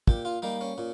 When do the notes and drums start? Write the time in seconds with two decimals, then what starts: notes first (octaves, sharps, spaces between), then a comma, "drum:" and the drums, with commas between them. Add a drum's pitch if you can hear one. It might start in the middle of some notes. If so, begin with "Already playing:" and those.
0.08 A#2 G4, drum: kick
0.25 F4
0.42 G3 A#3 D#4
0.61 C#4
0.78 A#2